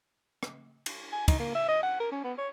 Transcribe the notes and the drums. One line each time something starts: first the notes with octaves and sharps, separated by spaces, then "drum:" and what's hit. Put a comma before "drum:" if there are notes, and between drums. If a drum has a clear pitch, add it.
drum: rim click
drum: cymbal
G#5
D#4, drum: kick, cymbal
A#3
E5
D#5
F#5
A#4
C#4
B3
C#5